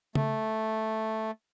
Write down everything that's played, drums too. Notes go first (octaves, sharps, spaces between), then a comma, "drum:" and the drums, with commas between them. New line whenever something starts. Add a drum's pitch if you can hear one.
A3, drum: tom C#3